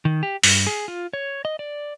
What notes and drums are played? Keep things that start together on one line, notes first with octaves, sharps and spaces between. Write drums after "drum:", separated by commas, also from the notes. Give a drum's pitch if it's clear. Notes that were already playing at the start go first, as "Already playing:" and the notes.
D#3
G4
G2, drum: open hi-hat
G#4
F4
C#5
D#5
D5